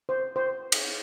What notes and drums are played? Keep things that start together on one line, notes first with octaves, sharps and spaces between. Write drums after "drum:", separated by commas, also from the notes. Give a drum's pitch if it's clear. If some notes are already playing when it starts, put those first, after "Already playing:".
C5
C5
drum: cymbal